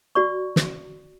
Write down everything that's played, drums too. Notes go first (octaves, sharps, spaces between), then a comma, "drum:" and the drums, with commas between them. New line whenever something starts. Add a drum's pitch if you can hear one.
F#4 D5 C#6
drum: snare